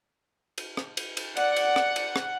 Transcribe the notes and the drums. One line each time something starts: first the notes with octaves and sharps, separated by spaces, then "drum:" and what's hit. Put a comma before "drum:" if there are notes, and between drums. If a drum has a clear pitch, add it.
drum: cymbal
drum: rim click
drum: cymbal
drum: cymbal
D5 F#5, drum: cymbal
drum: cymbal
drum: rim click
drum: cymbal
drum: rim click